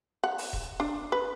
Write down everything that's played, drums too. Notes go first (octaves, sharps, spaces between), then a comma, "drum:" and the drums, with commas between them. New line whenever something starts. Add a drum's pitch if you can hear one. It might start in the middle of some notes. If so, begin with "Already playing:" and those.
F#5
drum: open hi-hat
drum: kick D#1
D4
B4